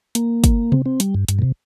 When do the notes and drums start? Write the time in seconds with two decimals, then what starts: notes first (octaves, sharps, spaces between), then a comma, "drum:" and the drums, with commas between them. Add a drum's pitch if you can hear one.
0.15 A#3, drum: hi-hat
0.44 drum: kick, hi-hat
0.72 C4, drum: tom C3
0.86 C4
1.00 G3, drum: hi-hat
1.15 G2
1.28 G2, drum: hi-hat
1.39 A#2
1.42 C3